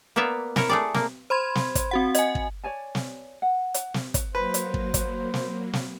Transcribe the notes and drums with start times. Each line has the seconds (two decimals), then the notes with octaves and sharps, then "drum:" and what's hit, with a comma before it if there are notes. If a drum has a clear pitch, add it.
0.16 A#3 B3 D5 E5 F5
0.56 E4 A#4 C#5, drum: snare
0.69 A3 G#4 D5
0.94 A#3, drum: snare
1.30 C5 B5 C6 G#6
1.55 drum: snare
1.75 drum: kick, hi-hat
1.91 C4 F#4 F#5
2.15 D#5 G#5, drum: hi-hat
2.35 drum: kick
2.64 C#5 D5 G#5 A5
2.95 drum: snare
3.42 F#5
3.74 drum: hi-hat
3.94 drum: snare
4.14 drum: kick, hi-hat
4.35 F#3 A#3 B4 C5
4.54 drum: hi-hat
4.74 drum: kick
4.94 drum: kick, hi-hat
5.34 drum: snare
5.73 drum: snare